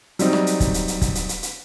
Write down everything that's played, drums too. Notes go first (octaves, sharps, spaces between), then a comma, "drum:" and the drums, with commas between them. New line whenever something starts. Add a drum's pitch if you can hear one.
F#3 G3 C4 D#4, drum: hi-hat
drum: rim click
drum: hi-hat
drum: kick, hi-hat
drum: hi-hat
drum: hi-hat
drum: kick, hi-hat
drum: hi-hat
drum: hi-hat
drum: hi-hat